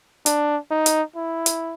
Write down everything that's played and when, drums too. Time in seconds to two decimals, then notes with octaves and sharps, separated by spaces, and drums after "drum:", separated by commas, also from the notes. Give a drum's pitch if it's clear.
0.26 D4, drum: hi-hat
0.71 D#4
0.86 drum: hi-hat
1.16 E4
1.46 drum: hi-hat